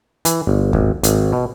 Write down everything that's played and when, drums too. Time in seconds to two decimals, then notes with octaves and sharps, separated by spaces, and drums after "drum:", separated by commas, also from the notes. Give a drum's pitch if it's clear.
0.25 E3, drum: hi-hat
0.47 G1
0.73 G#1, drum: kick D#2
1.03 G#1, drum: hi-hat
1.32 B2